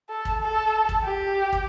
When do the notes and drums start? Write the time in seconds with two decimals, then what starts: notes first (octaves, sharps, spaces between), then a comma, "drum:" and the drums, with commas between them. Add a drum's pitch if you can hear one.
0.09 A4
0.25 drum: kick
0.42 A4
0.89 drum: kick
1.05 G4
1.53 drum: kick